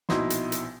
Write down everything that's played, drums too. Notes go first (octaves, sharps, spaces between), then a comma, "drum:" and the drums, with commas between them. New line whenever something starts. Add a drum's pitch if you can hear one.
A#1 B2 D#4 E4 C6, drum: snare
drum: hi-hat
drum: hi-hat